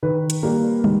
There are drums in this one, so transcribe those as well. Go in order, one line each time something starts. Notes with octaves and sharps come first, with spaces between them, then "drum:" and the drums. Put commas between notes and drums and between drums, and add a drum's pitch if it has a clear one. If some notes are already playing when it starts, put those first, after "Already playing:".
D#3 B4
drum: hi-hat
G3 A#3
D#3, drum: tom